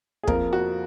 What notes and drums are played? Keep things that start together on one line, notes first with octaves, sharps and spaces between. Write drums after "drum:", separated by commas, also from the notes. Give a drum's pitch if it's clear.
G#4
F2 F3 A#3 A#4, drum: kick
F#4